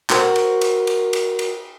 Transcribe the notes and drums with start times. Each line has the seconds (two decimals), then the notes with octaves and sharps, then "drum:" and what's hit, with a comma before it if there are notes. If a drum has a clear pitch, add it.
0.10 F#4 A#4 C5, drum: clap
0.36 drum: cymbal
0.61 drum: cymbal
0.87 drum: cymbal
1.13 drum: cymbal
1.39 drum: cymbal